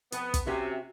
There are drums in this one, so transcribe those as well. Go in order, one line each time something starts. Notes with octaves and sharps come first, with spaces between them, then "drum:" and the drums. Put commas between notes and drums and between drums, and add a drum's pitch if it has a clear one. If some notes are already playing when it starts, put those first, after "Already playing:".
F2 B3, drum: hi-hat
drum: kick, hi-hat
C3 C#4 F#4 E5